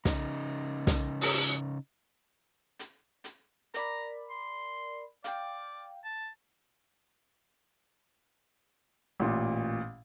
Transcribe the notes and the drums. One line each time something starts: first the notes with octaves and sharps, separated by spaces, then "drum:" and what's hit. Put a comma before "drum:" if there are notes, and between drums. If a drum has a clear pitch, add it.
C#3 D#4, drum: snare
drum: snare
drum: open hi-hat
drum: hi-hat
drum: hi-hat
A#4 D5 A#5 B5, drum: hi-hat
C6
D5 F5 G5, drum: hi-hat
A5
A1 A#2